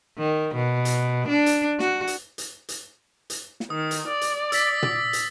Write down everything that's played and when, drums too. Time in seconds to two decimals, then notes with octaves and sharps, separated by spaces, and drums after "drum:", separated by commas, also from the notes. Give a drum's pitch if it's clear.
0.18 D#3
0.55 B2
0.85 drum: hi-hat
1.29 D4
1.46 drum: hi-hat
1.80 F#4, drum: snare
2.07 drum: hi-hat
2.38 drum: hi-hat
2.69 drum: hi-hat
3.30 drum: hi-hat
3.60 drum: snare
3.70 D#3 D#6
3.91 drum: hi-hat
4.08 D5
4.21 drum: hi-hat
4.52 E6 A6 B6, drum: hi-hat
4.83 drum: tom
5.13 drum: hi-hat